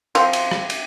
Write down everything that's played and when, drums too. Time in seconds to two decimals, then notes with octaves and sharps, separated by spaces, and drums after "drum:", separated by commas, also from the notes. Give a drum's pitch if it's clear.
0.15 F3 C4, drum: cymbal
0.33 drum: cymbal
0.51 drum: rim click
0.70 drum: cymbal